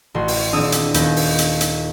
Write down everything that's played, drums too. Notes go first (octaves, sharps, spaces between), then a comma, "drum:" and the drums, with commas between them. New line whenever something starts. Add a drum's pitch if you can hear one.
A1 F#4 C6
drum: open hi-hat
D#1 C4 D4 D#6 E6 D#7
drum: hi-hat
D#2 B3 G6, drum: hi-hat
drum: open hi-hat
drum: hi-hat
drum: hi-hat